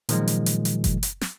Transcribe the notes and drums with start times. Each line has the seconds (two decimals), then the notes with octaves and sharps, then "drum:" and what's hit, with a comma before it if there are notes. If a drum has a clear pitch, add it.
0.09 A#2 D#3 F3 F#3 G#3, drum: hi-hat
0.28 drum: hi-hat
0.46 drum: hi-hat
0.65 drum: hi-hat
0.84 drum: kick F#1, hi-hat
1.03 drum: hi-hat
1.21 drum: snare